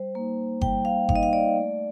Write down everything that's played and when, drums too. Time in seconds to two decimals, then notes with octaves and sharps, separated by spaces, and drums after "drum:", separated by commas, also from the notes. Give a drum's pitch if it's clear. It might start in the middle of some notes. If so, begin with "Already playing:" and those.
Already playing: G3 C5
0.15 A#3 D#4
0.62 G3 G5, drum: kick G1
0.85 F5
1.09 A#3 D#4 F5, drum: kick G1
1.16 D#5
1.23 F5
1.33 D5
1.56 A3